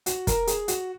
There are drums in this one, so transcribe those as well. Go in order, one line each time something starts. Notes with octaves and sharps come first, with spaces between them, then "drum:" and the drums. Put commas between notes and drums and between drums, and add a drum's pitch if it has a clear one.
F#4, drum: hi-hat
A#4, drum: kick, hi-hat
G#4, drum: hi-hat
F#4, drum: hi-hat